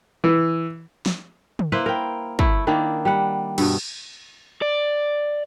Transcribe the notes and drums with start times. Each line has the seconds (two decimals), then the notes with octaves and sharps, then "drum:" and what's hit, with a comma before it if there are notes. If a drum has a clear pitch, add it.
0.24 E3
1.06 drum: snare
1.59 drum: tom
1.72 A#3 E4 B4 C5
1.86 A#4 G5
2.39 A3 E4, drum: kick
2.67 D#3 A#3 D4 E4
3.05 G3 F#5
3.58 G2 B2, drum: cymbal
4.62 D5